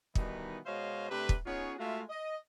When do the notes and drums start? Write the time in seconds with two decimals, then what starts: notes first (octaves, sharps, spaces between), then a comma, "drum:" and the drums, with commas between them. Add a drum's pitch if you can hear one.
0.15 B2 D#3 E3 G3 B3 D#4, drum: kick
0.66 B2 G#3 C5 C#5 D#5 F5
1.10 C3 A3 D4 G4 B4
1.29 drum: kick
1.46 B3 C#4 D#4 F4 G#4 C#5
1.78 G#3 A3 F4 F#4 E5 F5
2.10 D#5